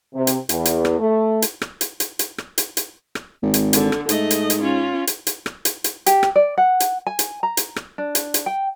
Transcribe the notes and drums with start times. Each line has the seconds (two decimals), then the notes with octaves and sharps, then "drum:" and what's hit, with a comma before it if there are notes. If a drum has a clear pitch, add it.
0.14 C3
0.27 drum: hi-hat
0.49 E2, drum: hi-hat
0.65 drum: hi-hat
0.85 drum: rim click
0.99 A3
1.42 drum: hi-hat
1.62 drum: rim click
1.81 drum: hi-hat
2.00 drum: hi-hat
2.19 drum: hi-hat
2.38 drum: rim click
2.58 drum: hi-hat
2.77 drum: hi-hat
3.15 drum: rim click
3.42 G#1
3.54 drum: hi-hat
3.73 D3, drum: hi-hat
3.92 drum: rim click
4.09 G#2 A3 D#5, drum: hi-hat
4.31 drum: hi-hat
4.50 drum: hi-hat
4.62 C#4 F4
5.07 drum: hi-hat
5.27 drum: hi-hat
5.46 drum: rim click
5.65 drum: hi-hat
5.84 drum: hi-hat
6.06 G4, drum: hi-hat
6.23 drum: rim click
6.36 D5
6.58 F#5
6.80 drum: hi-hat
7.07 G#5
7.19 drum: hi-hat
7.43 A#5
7.57 drum: hi-hat
7.76 drum: rim click
7.98 D4
8.15 drum: hi-hat
8.34 drum: hi-hat
8.46 G5